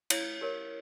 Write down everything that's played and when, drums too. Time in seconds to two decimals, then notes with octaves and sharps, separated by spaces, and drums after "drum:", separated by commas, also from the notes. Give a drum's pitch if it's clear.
0.10 E4 C#5 F5, drum: cymbal
0.41 G4 A#4 C#5